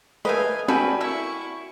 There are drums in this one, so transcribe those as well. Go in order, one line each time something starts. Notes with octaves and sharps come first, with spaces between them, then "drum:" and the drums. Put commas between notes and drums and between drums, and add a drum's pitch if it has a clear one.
A3 A#4 B4 D#5 F5 G#5
G3 F#4 A4 B4 D5 G5 G#5 B5, drum: tom C4
A#3 E4 E5 C#6